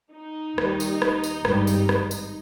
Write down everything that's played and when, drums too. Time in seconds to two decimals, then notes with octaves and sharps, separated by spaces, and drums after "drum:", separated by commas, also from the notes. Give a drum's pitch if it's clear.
0.14 D#4
0.58 D#2 D#3 G3, drum: rim click
0.80 drum: tambourine
1.02 drum: rim click
1.24 drum: tambourine
1.45 G#1 G2 G3, drum: rim click
1.67 drum: tambourine
1.89 drum: rim click
2.11 drum: tambourine